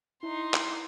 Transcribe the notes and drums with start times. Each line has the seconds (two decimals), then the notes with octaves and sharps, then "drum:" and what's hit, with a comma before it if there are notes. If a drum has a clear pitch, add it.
0.23 D#4 E4 C6
0.54 drum: clap